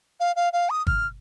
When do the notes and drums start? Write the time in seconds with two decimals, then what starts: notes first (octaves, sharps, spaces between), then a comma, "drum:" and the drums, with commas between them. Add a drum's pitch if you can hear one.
0.20 F5
0.36 F5
0.53 F5
0.70 D#6
0.87 F6, drum: kick G1